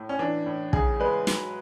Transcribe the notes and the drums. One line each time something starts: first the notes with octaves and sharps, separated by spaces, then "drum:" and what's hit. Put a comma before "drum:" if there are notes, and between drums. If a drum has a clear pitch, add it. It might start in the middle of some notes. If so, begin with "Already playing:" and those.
Already playing: A2
C#4
E3 D4
A2
C#3 G#4, drum: kick
G#3 B4
F#3, drum: snare